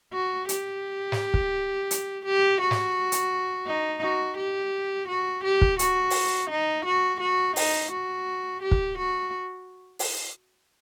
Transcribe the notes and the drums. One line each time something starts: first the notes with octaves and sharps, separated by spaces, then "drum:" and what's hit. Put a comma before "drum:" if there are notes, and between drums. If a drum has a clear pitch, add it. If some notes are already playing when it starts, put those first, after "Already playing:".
F#4
G4, drum: hi-hat
drum: snare
drum: kick
drum: hi-hat
G4
F#4
drum: snare
drum: hi-hat
D#4
F#4
G4
F#4
G4
drum: kick
F#4, drum: hi-hat
drum: open hi-hat
D#4
F#4
F#4
D#4, drum: open hi-hat
F#4
G4
drum: kick
F#4
drum: open hi-hat